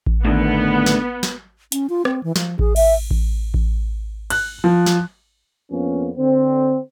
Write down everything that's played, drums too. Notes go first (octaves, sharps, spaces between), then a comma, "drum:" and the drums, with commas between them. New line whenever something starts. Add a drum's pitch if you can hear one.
drum: kick A1
A2 D3 D#3 B3
drum: snare
drum: snare
C#4, drum: hi-hat
F4
C4, drum: rim click
E3
F3, drum: snare
G#4, drum: kick A1
E5, drum: cymbal
drum: kick A1
drum: kick A1
F#6, drum: cymbal
F3
drum: snare
F2 F3 A#3 B3 C#4
D3 C4